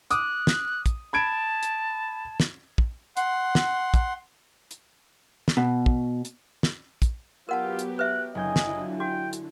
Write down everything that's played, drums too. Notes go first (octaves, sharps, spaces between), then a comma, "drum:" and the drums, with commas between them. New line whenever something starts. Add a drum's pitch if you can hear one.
D6 D#6 F#6, drum: hi-hat
drum: snare
drum: kick, hi-hat
A5 B5 G#6 D7
drum: hi-hat
drum: snare
drum: kick
F#5 C6, drum: hi-hat
drum: snare
drum: kick, hi-hat
drum: hi-hat
drum: snare
B2
drum: kick
drum: hi-hat
drum: snare
drum: kick, hi-hat
F#3 B3 F4 G4 A#4 F#5 A5
drum: hi-hat
B4 E5 F#6
F#1 D3 F#3 D#5 G#5 G6
drum: snare
E4 F4
F#4 G5
drum: hi-hat